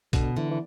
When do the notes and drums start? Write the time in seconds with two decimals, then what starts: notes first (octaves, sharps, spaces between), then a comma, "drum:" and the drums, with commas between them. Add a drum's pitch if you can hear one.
0.13 B2 D3, drum: kick, hi-hat
0.37 D3 E3
0.51 E3